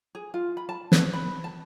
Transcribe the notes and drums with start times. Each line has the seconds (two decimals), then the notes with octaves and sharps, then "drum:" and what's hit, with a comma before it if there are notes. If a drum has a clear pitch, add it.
0.15 G#4
0.34 F4
0.57 B5
0.69 A5
0.92 B4, drum: snare
1.13 B5
1.44 A5